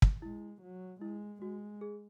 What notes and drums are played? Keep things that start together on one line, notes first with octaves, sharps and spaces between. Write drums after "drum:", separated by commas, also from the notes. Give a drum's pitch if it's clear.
drum: kick
G#3 E4
F#3
G#3 E4
G#3 F#4
G#4